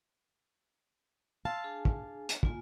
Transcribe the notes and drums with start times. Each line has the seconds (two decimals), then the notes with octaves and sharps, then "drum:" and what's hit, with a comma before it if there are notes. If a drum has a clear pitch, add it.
1.45 F5 A5 C6 E6
1.64 D4 G#4 G#5
1.85 drum: kick
2.29 drum: hi-hat
2.43 A#3 F4 G#5, drum: kick